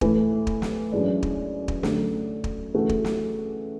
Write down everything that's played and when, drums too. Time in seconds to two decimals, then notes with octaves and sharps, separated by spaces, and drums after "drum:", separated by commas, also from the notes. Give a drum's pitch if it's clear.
0.01 A2 E3 A3, drum: kick
0.47 drum: kick
0.62 drum: snare
0.92 F#2 E3 G#3 D4
1.23 drum: kick
1.68 drum: kick
1.83 F#2 D3 A3, drum: snare
2.44 drum: kick
2.74 C#3 E3 A3 C#4 F#4
2.89 drum: kick
3.05 drum: snare